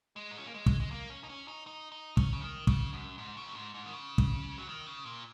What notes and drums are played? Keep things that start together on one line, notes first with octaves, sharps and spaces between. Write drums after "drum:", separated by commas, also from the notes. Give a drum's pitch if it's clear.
G#3
D#4
C#4
A#3
G#3
drum: kick
G#3
A#3
C#4
D#4
C#4
D#4
D#4
D#4
C#4, drum: kick
C#3
D#3
C#3, drum: kick
F#2
G#2
C#3
F#2
G#2
G#2
D#3
C#3
drum: kick
F#3
D#3
C#3
A#2